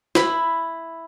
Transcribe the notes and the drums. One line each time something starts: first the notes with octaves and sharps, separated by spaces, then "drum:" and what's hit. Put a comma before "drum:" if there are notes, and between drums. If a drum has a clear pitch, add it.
E4 B5, drum: snare